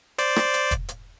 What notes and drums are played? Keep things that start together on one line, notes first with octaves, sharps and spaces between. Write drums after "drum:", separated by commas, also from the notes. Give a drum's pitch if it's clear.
C5 D5, drum: hi-hat
drum: rim click
drum: hi-hat
drum: kick, hi-hat
drum: hi-hat